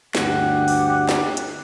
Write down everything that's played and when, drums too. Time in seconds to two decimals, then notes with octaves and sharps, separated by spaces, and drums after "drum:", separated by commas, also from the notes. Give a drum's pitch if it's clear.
0.15 D2 G2 G4 F#5, drum: snare
0.68 drum: open hi-hat
1.09 drum: snare
1.37 drum: hi-hat